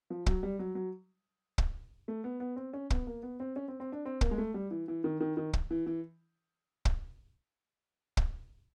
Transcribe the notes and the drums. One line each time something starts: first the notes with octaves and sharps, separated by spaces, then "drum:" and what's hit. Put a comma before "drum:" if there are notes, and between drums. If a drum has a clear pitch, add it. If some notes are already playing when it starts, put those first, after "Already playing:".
F3
F#3, drum: kick
G3
F#3
F#3
drum: kick
A3
B3
B3
C4
C#4
B3, drum: kick
A#3
B3
C4
C#4
C4
C4
D4
C4
A#3, drum: kick
G#3
A3
G3
E3
E3
D#3
D#3
D#3
drum: kick
E3
E3
drum: kick
drum: kick